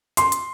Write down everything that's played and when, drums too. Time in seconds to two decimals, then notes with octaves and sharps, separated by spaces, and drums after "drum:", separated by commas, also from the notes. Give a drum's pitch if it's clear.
0.17 C6, drum: hi-hat
0.32 drum: hi-hat